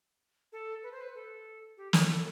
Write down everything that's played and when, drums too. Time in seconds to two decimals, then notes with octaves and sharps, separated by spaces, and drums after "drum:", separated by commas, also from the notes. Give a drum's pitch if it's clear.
0.52 A4
0.83 B4
0.92 C5
1.01 B4
1.15 A4
1.77 G4
1.93 A4, drum: snare
2.09 A4